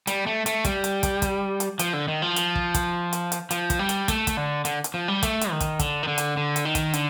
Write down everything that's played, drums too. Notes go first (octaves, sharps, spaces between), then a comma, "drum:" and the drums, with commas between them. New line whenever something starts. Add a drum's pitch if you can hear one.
G3, drum: hi-hat
A3
A3, drum: hi-hat
G3, drum: kick, hi-hat
drum: hi-hat
drum: kick, hi-hat
drum: kick, hi-hat
drum: hi-hat
F3, drum: hi-hat
D3
D#3
F3
drum: hi-hat
drum: kick
drum: kick, hi-hat
drum: hi-hat
drum: hi-hat
F3, drum: hi-hat
drum: kick, hi-hat
G3
drum: hi-hat
A3, drum: kick, hi-hat
drum: kick, hi-hat
D3
D3, drum: hi-hat
drum: hi-hat
F3
G3
A3, drum: kick, hi-hat
drum: hi-hat
D#3
drum: kick, hi-hat
D3, drum: kick, hi-hat
D#3
D3
drum: hi-hat
D3
drum: hi-hat
D#3
drum: kick, hi-hat
D3, drum: hi-hat